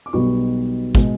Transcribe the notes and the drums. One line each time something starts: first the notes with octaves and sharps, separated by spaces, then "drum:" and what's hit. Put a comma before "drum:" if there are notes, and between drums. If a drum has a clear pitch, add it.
D6
B1 B2 G3 B3 B5 C#6
B2 G#3, drum: kick